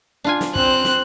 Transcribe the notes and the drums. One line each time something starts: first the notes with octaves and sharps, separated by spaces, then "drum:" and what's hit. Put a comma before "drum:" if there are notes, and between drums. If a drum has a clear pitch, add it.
D4 F4 G#5
drum: snare
C4 F#6, drum: kick
drum: snare